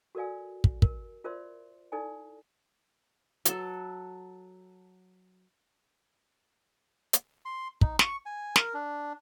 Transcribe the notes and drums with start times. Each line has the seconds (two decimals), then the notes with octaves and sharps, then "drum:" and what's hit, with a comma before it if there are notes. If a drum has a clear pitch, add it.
0.15 F#4 A4 A#4 D5 F5 G#5
0.64 drum: kick
0.82 A#4, drum: kick
1.24 F4 A#4 C5 D5 E5 C6
1.92 D#4 E4 A4 D5 G#5
3.45 F#3 A4, drum: hi-hat
7.13 drum: hi-hat
7.45 C6
7.81 D#4, drum: kick
7.99 C#6, drum: snare
8.26 G#5
8.56 A#4, drum: snare
8.74 D4